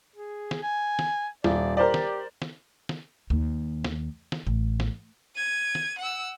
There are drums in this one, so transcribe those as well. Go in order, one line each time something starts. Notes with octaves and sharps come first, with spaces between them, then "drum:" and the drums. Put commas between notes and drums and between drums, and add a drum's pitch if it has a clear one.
G#4
drum: snare
G#5
drum: snare
D#1 D5, drum: snare
G4 A#4 C5 D5
drum: snare
drum: snare
drum: snare
D#2
drum: snare
drum: snare
A1
drum: snare
G#6 D#7
drum: snare
F#5 E6